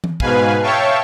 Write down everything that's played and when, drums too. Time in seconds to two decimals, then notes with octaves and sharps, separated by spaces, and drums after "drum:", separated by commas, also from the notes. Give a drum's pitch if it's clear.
0.04 drum: tom E3
0.20 G#2 B2 B4 F5 G#5, drum: kick
0.62 C#5 E5 F5 G5 A5 C#6